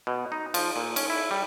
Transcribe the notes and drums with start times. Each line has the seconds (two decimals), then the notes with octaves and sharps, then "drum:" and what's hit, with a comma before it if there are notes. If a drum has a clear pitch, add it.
0.07 B2
0.32 D#4
0.54 F3, drum: cymbal
0.76 A#2
0.96 C#4, drum: cymbal
1.10 E4
1.31 G3